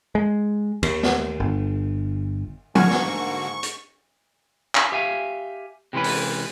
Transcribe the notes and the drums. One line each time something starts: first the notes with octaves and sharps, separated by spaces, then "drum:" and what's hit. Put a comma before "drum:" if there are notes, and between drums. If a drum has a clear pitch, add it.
G#3
D#2, drum: cymbal
drum: snare
G1
G#2 D3 A#3 F#4 G#5 C#6 F6, drum: tom F3
drum: snare
drum: hi-hat
drum: clap
G4 E5 F5 G#5
C3 E3 G#3 C#4 B4
drum: open hi-hat